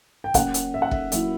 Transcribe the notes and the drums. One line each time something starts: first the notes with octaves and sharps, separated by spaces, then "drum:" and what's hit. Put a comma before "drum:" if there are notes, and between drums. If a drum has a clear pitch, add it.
G5
F#3 A#3 C#4 F#5, drum: kick F1, hi-hat
drum: hi-hat
E5
F#5
E5, drum: kick F1
F#3 A#3 E4 E5, drum: hi-hat